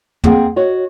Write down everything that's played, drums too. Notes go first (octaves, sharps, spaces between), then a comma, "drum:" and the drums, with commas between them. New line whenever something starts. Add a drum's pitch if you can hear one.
A#3 C4 G#4 F#5 G5, drum: tom
F#4 C#5 D#5